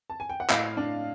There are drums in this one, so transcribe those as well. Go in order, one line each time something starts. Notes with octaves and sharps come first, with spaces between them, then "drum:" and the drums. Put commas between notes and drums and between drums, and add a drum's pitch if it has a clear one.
A5
G#5
G5
F#5
A2 D#5 F5, drum: clap
D4